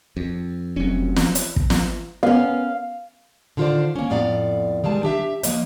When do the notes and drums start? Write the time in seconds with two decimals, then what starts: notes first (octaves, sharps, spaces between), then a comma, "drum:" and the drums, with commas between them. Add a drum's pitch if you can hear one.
0.17 F2
0.76 F1 F#3 C4 C#4
1.16 drum: snare
1.35 drum: hi-hat
1.56 drum: kick
1.70 drum: snare
2.23 B3 C#4 F5
3.57 D3 D#3 F4 A#4 C5 D5
3.96 A#3 C#4
4.10 F2 A2 B3 D5 F5 A#5
4.84 D#3 G3 G#3 A5
5.03 D4 G4 E5
5.43 F3 A#3 D#5, drum: hi-hat